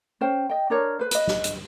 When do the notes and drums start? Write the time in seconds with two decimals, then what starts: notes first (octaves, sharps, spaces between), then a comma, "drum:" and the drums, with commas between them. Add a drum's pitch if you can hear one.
0.21 C#4 C5 G5
0.50 D#5 G5
0.70 D4 A#4 C#5
0.99 B4 C5
1.11 B4 D#5, drum: hi-hat
1.27 drum: snare
1.44 drum: hi-hat